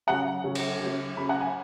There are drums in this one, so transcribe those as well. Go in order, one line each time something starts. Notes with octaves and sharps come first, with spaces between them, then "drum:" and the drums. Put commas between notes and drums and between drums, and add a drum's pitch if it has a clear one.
C#3 F#3 C#4 F#5
C#3 F#3 C#4
drum: cymbal
C#3 F#3 C#4
C#3 F#3 C#4 B5
F#5
G#5